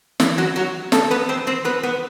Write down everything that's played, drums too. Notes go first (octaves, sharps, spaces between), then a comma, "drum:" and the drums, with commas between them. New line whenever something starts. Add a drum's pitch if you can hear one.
E3 E4, drum: snare
F#3 F#4
F#3 F#4
A3 A4, drum: snare
B3 B4
C4 C5
C4 C5
B3 B4
B3 B4